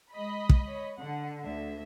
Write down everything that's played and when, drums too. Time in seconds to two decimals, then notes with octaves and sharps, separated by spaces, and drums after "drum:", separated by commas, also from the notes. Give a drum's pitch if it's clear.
0.13 G#3 D#5 B5
0.49 drum: kick
0.66 C#5
1.00 D3 F#5
1.43 D2 E5